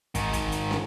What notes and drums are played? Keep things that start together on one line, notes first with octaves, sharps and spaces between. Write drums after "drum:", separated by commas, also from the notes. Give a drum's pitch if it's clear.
G#2 D#3, drum: kick, hi-hat
drum: kick, hi-hat
drum: hi-hat
drum: snare